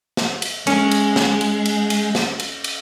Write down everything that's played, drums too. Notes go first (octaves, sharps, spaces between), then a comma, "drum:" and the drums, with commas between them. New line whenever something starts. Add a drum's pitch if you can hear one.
drum: snare
drum: cymbal
G#3 C#4, drum: cymbal
drum: cymbal
drum: snare
drum: cymbal
drum: cymbal
drum: cymbal
drum: snare
drum: cymbal
drum: cymbal